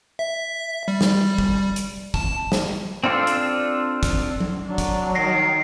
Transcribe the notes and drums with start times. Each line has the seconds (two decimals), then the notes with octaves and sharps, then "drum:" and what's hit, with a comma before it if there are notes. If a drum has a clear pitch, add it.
0.19 E5
0.88 G3
1.01 drum: snare
1.38 drum: kick
1.76 drum: hi-hat
2.14 A5, drum: kick
2.52 drum: snare
3.04 C4 D4 F4 A4
3.27 drum: hi-hat
4.03 drum: kick, hi-hat
4.40 drum: tom F#3
4.66 F#3 D4
4.78 drum: kick, hi-hat
5.15 D#3 A#6 C7 D7